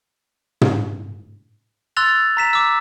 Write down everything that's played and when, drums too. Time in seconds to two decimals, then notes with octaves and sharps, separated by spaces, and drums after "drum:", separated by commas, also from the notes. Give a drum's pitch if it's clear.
0.61 drum: tom
1.97 C6 E6 F#6 A6 F7
2.37 A#5 B6 E7
2.53 D6 E6